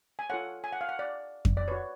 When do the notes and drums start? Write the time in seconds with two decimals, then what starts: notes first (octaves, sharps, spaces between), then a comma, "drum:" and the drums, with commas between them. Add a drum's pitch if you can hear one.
0.19 G#5
0.30 F4 A4 C#5 F#5
0.64 G#5
0.72 F#5
0.81 F5
0.89 F#5
0.99 D5
1.45 drum: kick F2
1.57 D5
1.68 F#4 B4 C#5